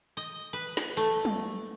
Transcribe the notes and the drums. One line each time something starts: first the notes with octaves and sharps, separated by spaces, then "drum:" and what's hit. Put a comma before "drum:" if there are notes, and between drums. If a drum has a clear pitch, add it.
D#5
B4
drum: snare
A3
drum: tom